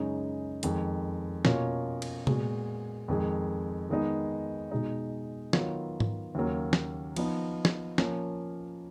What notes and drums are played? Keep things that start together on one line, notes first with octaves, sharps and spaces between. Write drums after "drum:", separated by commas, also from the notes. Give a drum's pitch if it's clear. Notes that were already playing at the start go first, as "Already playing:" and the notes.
Already playing: F#2 C#3 G#3 D#4
F2 D#3 G#3, drum: hi-hat
B2 A#3 C#4 F4 A#4, drum: snare
drum: cymbal
A#2 G#3 B3 F#4, drum: tom C3
F2 D#3 G#3
D#3 G#3 B3 D#4
B2 G#3 D#4
D#3 F#3 B3 F4, drum: snare
drum: tom G#2
D#2 C#3 F#3 A#3
drum: snare
F3 B3 D#4, drum: cymbal
drum: snare
F3 A#3 C#4, drum: snare